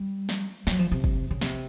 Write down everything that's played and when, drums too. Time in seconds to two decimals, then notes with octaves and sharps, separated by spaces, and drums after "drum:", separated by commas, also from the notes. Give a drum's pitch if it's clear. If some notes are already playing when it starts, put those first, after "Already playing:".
Already playing: G3
0.29 drum: snare
0.67 F#3, drum: snare
0.79 F3
0.92 C3
1.04 drum: kick
1.31 C#3
1.41 C3, drum: snare